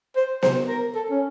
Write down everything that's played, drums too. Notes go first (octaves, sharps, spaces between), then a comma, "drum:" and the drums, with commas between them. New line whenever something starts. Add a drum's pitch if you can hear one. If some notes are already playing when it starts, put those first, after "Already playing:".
C5
C5, drum: snare B3
A#4
A4
C#4